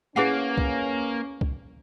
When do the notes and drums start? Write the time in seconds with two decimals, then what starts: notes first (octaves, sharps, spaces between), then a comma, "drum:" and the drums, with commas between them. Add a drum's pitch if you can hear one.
0.16 A#3 C#4 E4 G#4 B4 F5 F#5 G#5
0.58 drum: kick C2
1.41 drum: kick C2